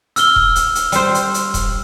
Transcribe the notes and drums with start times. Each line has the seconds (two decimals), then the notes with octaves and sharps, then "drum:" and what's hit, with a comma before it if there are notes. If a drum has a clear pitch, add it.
0.16 E6 F6 G7, drum: hi-hat
0.36 drum: kick D#1
0.56 drum: hi-hat
0.75 drum: hi-hat
0.92 G3 C5, drum: hi-hat
1.15 drum: hi-hat
1.34 drum: hi-hat
1.54 drum: kick D#1, hi-hat